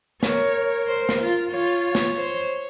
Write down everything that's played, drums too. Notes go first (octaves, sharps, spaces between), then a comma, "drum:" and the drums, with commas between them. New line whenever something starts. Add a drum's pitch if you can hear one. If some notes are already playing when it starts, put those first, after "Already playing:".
A#4 C#5, drum: snare
C5
drum: snare
F4
F4 C#5
drum: snare
C5